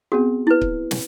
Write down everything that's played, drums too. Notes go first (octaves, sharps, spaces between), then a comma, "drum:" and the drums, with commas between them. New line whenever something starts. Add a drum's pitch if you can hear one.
B3 C4 F#4 G#4
E4 B4
drum: kick C#1
drum: snare